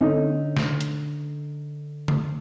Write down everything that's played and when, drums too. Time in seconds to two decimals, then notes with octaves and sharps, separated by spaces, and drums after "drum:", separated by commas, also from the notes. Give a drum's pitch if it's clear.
0.01 D3 C#4 D#4 A4
0.57 drum: snare
0.81 drum: hi-hat
2.08 drum: tom C#3